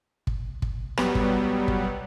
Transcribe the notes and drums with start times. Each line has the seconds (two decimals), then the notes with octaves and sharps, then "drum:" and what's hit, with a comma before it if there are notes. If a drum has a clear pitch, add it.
0.27 drum: kick
0.62 drum: kick
0.97 F#3 G3 B3, drum: rim click
1.15 drum: kick
1.68 drum: kick